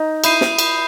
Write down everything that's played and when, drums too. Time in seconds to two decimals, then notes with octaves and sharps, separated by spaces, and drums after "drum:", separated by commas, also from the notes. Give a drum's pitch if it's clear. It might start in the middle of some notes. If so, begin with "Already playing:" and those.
Already playing: D#4
0.24 E4 D#6 G6 C7 D#7, drum: cymbal
0.41 drum: snare
0.59 drum: cymbal